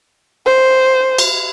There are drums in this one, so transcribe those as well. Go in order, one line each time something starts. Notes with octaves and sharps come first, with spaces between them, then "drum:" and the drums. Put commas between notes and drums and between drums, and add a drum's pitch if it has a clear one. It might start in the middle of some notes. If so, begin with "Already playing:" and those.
C5
drum: cymbal